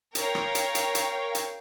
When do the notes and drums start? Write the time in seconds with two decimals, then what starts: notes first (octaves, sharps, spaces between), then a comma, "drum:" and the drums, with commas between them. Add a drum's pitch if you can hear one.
0.15 A#4 C#5 F5 G5, drum: hi-hat
0.35 drum: rim click
0.55 drum: hi-hat
0.75 drum: hi-hat
0.95 drum: hi-hat
1.35 drum: hi-hat